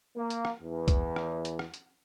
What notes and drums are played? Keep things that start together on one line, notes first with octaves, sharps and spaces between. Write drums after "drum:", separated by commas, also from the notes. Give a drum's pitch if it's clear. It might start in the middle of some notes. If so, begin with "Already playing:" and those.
A#3
drum: hi-hat
drum: rim click
E2
drum: kick C2, hi-hat
drum: rim click
drum: hi-hat
drum: rim click
drum: hi-hat